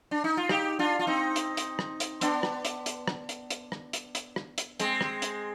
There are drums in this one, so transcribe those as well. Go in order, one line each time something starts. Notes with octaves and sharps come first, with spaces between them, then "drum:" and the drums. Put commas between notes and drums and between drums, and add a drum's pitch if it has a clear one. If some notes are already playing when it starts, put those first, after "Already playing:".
D4
D#4
F4
D#4 G4, drum: rim click
D4 F4
F4
C4 D#4
drum: hi-hat
drum: hi-hat
drum: rim click
drum: hi-hat
B3 D4, drum: hi-hat
drum: rim click
drum: hi-hat
drum: hi-hat
drum: rim click
drum: hi-hat
drum: hi-hat
drum: rim click
drum: hi-hat
drum: hi-hat
drum: rim click
drum: hi-hat
G#3 C4, drum: hi-hat
drum: rim click
drum: hi-hat